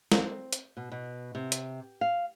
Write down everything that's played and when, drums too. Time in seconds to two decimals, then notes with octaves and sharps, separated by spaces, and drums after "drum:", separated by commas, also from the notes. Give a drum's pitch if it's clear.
0.12 C4, drum: snare
0.53 drum: hi-hat
0.77 B2
0.92 B2
1.35 C3
1.52 drum: hi-hat
2.01 F5